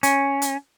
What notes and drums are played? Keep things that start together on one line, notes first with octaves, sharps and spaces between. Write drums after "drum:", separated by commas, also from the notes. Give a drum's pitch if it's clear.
C#4, drum: hi-hat
drum: hi-hat